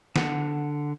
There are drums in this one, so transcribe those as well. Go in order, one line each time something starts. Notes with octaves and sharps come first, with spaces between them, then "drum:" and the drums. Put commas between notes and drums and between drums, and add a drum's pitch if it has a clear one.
D3 F#5, drum: snare